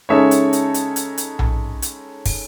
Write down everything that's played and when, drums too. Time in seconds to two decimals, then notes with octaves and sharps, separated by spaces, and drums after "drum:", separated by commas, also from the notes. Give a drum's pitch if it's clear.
0.09 C#3 G#3 D#4 A4 C#5 E5
0.31 drum: hi-hat
0.53 drum: hi-hat
0.74 drum: hi-hat
0.96 drum: hi-hat
1.18 drum: hi-hat
1.39 drum: tom A#1
1.82 drum: hi-hat
2.26 drum: kick, open hi-hat